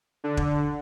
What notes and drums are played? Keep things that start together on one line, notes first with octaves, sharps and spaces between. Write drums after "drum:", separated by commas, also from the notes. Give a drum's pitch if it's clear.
D3
drum: kick E1